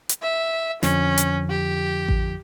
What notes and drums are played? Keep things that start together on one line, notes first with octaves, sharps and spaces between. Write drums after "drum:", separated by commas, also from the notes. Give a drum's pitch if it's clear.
drum: hi-hat
E5
F2 D3 F3 C#4, drum: snare
drum: hi-hat
G4
drum: kick A1